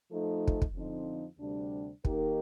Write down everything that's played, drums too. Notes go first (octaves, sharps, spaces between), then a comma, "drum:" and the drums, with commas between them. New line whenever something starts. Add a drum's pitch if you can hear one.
F3 A3 D#4 A4
drum: kick
drum: kick
F2 D3 F3 C4 D#4
D2 C3 G3 D4
D#3 A#3 D#4 G4 A#4, drum: kick